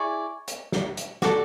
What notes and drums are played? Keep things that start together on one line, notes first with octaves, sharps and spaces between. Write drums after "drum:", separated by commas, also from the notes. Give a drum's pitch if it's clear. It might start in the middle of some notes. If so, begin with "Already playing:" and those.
Already playing: E4 G#4 D5 C#6
drum: hi-hat
drum: snare
drum: hi-hat
F#4 A4 D5 D6, drum: snare